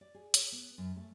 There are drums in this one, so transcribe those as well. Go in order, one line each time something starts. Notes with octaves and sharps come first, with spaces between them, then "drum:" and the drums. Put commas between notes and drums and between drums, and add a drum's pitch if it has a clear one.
D5
G#4
C#5, drum: hi-hat
B3
F#2
A3